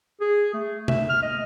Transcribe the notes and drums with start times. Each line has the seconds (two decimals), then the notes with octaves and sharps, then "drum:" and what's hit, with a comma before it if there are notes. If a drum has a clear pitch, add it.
0.21 G#4
0.53 A3
0.88 E5, drum: tom C3
1.09 F6
1.22 D#5